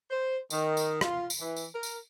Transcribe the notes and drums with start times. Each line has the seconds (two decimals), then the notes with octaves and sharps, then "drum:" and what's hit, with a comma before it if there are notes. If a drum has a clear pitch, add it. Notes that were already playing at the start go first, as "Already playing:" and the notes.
0.10 C5
0.50 D#3, drum: tambourine
0.77 drum: tambourine
1.01 F4, drum: rim click
1.30 drum: tambourine
1.40 E3
1.57 drum: tambourine
1.74 A#4
1.83 drum: tambourine